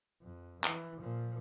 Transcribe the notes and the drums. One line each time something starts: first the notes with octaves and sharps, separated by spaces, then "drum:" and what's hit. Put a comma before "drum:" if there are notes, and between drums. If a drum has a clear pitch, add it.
F2
E3, drum: clap
A#2 F3